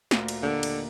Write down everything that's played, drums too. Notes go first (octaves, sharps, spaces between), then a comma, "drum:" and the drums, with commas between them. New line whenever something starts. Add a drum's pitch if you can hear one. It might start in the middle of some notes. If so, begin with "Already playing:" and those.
D2 A#2, drum: snare
drum: cymbal
D#2 D3
drum: cymbal